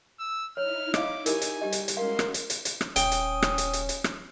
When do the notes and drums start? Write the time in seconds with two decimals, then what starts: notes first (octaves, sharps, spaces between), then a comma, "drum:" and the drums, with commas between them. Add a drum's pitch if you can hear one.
0.20 E6
0.57 D#4 E4 C#5 F6
0.94 D#5 F5 D6, drum: rim click
1.26 G4 A#4 G#5, drum: hi-hat
1.42 drum: hi-hat
1.61 G3 G4 D#5
1.72 drum: hi-hat
1.88 drum: hi-hat
1.97 G#3 C#4 F#4 A#4 F5 C6
2.19 drum: rim click
2.34 drum: hi-hat
2.50 drum: hi-hat
2.65 drum: hi-hat
2.81 drum: rim click
2.96 D#1 C#4 G5 D#6, drum: hi-hat
3.12 drum: hi-hat
3.42 drum: rim click
3.58 drum: hi-hat
3.73 drum: hi-hat
3.89 drum: hi-hat
4.04 drum: rim click